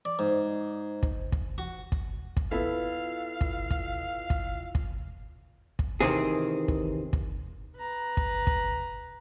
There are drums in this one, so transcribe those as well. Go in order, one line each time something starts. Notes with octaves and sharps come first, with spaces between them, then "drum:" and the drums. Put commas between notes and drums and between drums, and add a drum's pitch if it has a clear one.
D5
G#2
drum: kick
drum: kick
F#4
drum: kick
drum: kick
B3 E4 F4 A4 F5
drum: kick
drum: kick
drum: kick
drum: kick
drum: kick
C3 D#3 E3 C4 G#4
drum: kick
drum: kick
B4 A#5
drum: kick
drum: kick